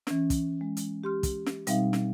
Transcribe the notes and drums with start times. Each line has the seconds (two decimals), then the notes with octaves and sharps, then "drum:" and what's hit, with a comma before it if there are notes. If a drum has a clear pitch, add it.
0.07 E3 C#4, drum: snare
0.30 drum: kick, hi-hat
0.61 G#3
0.77 drum: hi-hat
1.04 G4 C6 F6
1.23 drum: kick, hi-hat
1.46 drum: snare
1.67 B2 G3 C4 D#4 E5 F5, drum: hi-hat
1.93 drum: snare